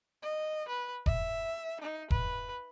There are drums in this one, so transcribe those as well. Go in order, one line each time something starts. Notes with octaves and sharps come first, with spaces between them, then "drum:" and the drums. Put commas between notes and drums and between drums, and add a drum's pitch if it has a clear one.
D#5
B4
E5, drum: kick E1
D#4
B4, drum: kick E1